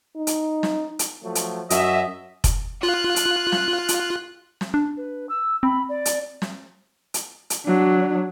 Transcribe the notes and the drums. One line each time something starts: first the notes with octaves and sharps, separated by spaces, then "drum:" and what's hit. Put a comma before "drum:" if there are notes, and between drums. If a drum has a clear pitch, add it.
D#4
drum: hi-hat
drum: snare
drum: hi-hat
F3 F#3 A3
drum: hi-hat
F#2 F#4 D#5 E5, drum: hi-hat
drum: kick F1, hi-hat
F4 F#6
drum: hi-hat
drum: snare
drum: hi-hat
drum: snare
D4
B4
E6
C4 B5
D5
drum: hi-hat
drum: snare
drum: hi-hat
drum: hi-hat
F#3 D4